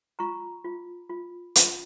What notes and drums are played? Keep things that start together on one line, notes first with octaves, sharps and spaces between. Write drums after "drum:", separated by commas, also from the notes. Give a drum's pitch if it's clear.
F4 A#5 C#6
F4
F4
F4, drum: hi-hat